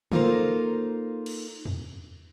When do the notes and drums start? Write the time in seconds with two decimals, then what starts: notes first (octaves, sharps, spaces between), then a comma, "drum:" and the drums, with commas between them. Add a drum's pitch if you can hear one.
0.12 A#3 D#4 F4 A4 A#4 C5, drum: tom
1.26 drum: cymbal
1.65 drum: tom E2